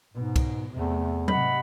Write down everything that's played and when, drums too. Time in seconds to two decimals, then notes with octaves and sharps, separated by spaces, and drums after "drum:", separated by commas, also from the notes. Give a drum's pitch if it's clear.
0.14 G#2 B2
0.36 drum: kick C2, cymbal
0.74 E2 C3 A3
1.28 G#2 C3 D#5 F#5 B5, drum: tom F#3